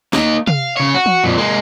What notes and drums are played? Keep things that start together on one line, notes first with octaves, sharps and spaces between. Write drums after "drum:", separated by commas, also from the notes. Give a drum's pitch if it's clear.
A#3 D#4, drum: snare
F5, drum: tom
C#3 C#5
F#4
drum: tom E3
F2 A#2
G#3 A#3